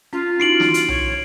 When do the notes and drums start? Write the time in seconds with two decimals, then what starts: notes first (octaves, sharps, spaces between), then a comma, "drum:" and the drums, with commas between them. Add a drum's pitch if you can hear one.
0.13 C#4 F4
0.40 D#4 E4 F#4 C7 D7 F#7
0.60 drum: snare
0.74 drum: hi-hat
0.88 C#5, drum: tom B1